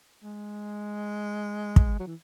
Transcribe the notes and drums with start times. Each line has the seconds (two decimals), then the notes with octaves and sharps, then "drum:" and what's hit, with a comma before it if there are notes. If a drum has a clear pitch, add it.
0.23 G#3
1.76 drum: kick
2.00 F#3
2.07 E3